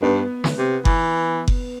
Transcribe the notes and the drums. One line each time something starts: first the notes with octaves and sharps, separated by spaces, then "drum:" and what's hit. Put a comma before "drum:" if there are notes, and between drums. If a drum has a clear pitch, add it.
G2 B3
drum: snare
C3
E3, drum: kick F#1
drum: kick F#1